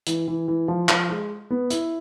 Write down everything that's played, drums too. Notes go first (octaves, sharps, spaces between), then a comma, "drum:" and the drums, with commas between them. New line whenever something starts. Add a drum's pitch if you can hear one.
E3, drum: hi-hat
E3
E3
F3
F3, drum: clap
G#3
B3
E4, drum: hi-hat